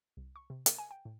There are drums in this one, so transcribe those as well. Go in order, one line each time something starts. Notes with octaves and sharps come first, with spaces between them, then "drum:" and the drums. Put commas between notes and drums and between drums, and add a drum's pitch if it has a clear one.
C2
C#6
C3
A#4, drum: hi-hat
G#5
G5
A2